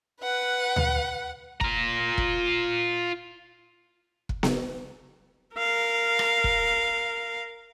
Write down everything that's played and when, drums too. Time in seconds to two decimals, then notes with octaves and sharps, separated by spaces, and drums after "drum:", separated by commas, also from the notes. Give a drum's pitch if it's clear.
0.21 B4 F#5
0.76 drum: tom D2
1.61 F4 A#5, drum: kick
2.18 drum: kick
4.29 drum: kick
4.43 drum: snare B3
5.56 A#4 F5
6.19 drum: rim click
6.44 drum: kick